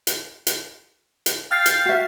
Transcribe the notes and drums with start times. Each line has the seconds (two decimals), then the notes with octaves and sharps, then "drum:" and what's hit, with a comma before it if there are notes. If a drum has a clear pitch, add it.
0.07 drum: hi-hat
0.47 drum: hi-hat
1.26 drum: hi-hat
1.51 F5 G5 F6 A6 C7
1.66 drum: hi-hat
1.85 F#4 E5